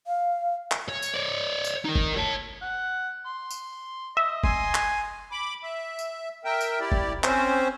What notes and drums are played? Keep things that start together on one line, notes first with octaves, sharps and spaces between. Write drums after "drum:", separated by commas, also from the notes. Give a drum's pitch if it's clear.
F5
drum: clap
C#5
drum: tambourine
C#5 D5
drum: tambourine
D#4 A#4
drum: kick F#1
C#5 A5
F#5
C6
drum: tambourine
D#5 E5
G#5 C6, drum: kick F#1
drum: clap
B5 D6
E5
drum: tambourine
A#4 E5 G5
drum: tambourine
E4 G4 D5
drum: kick F#1
C4 C#4 C5, drum: clap